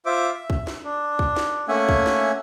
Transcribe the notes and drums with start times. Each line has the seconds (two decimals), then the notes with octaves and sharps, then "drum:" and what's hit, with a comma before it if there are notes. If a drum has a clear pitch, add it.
0.06 F4 C5 E5 D6
0.34 E5
0.50 drum: kick
0.67 drum: snare
0.84 D4
1.19 drum: kick
1.36 drum: snare
1.69 A3 A#3 C#4 E5 F#5 G#5
1.89 drum: kick
2.06 drum: snare